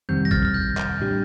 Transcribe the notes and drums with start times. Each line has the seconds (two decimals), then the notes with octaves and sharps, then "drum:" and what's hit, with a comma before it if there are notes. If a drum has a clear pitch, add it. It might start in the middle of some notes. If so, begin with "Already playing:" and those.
0.09 F2 C3 D#3 G3 C4 G6
0.25 A#6
0.31 F6 A6, drum: kick A1
0.45 F6
0.54 G6
0.77 drum: clap
1.00 A2 G3 D4 G4